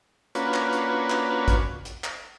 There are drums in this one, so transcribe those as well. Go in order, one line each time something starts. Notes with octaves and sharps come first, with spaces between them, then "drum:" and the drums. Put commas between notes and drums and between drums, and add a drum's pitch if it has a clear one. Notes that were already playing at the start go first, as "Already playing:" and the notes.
A#3 C#4 D4 F4 F#4 B4, drum: hi-hat
drum: clap
drum: hi-hat
drum: clap
drum: kick, hi-hat
drum: hi-hat
drum: clap